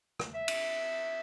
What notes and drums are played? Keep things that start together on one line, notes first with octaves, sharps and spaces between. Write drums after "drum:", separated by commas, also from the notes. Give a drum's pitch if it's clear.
drum: rim click
E5
drum: cymbal